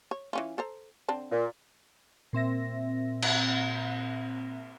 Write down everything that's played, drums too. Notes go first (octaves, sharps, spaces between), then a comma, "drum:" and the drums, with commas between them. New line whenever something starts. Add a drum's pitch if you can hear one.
C#5
E3 C#4 F4
A4 C5 A#5
D3 C4 A5
A#2
A#2 C4 E5 A#6
drum: cymbal